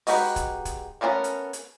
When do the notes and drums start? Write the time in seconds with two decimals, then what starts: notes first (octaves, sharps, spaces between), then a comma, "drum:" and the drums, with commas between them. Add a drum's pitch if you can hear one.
0.07 G#3 D#4 F#4 G4 B4, drum: open hi-hat
0.36 drum: kick, hi-hat
0.65 drum: kick, hi-hat
1.01 A3 B3 C#4 G#4 A#4
1.24 drum: hi-hat
1.53 drum: hi-hat